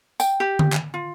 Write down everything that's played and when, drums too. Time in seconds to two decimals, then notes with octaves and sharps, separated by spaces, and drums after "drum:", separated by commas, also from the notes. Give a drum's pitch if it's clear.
0.20 G5, drum: tambourine
0.40 G4
0.59 drum: tom D3
0.73 drum: clap
0.94 F4